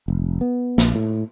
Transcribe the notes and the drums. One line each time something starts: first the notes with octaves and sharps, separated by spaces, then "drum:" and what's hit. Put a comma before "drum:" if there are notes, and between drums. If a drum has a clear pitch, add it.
F1
B3
A#1, drum: snare
A2